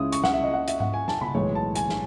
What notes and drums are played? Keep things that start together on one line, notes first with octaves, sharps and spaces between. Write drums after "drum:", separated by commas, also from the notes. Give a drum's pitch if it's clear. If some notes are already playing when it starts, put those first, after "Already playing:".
Already playing: C#2 C#3 G#3 C#4 E4 D#6
C#6, drum: hi-hat
F#5, drum: snare
E5
D#5
F#5
E5, drum: hi-hat
F#5, drum: tom G#2
G#5
A5, drum: snare
B5, drum: tom C#3
B1 A2 E3 G#3 C#5
A5
G#5, drum: hi-hat
drum: snare